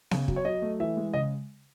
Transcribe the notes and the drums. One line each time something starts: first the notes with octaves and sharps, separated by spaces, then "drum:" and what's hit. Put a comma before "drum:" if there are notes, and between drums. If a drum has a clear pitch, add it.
C#3, drum: snare B3
F#3, drum: kick
C#5
F#3 D#5
A3
E3 E5
G#3
C#3 D#5